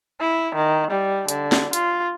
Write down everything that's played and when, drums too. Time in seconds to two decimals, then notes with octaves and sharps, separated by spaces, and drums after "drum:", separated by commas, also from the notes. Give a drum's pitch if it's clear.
0.21 E4
0.55 D#3
0.91 G3
1.28 D3, drum: hi-hat
1.52 drum: snare
1.73 F4, drum: hi-hat